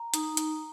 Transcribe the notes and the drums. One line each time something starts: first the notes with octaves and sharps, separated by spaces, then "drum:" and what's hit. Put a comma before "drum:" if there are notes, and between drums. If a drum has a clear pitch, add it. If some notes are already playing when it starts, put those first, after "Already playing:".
Already playing: A#5
D#4, drum: hi-hat
drum: hi-hat